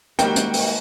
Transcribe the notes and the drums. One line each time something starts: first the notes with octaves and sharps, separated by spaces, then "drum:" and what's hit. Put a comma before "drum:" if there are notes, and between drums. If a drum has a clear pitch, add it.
D#3 G3 G#3 A#3 F#4 G5, drum: hi-hat
drum: hi-hat
drum: open hi-hat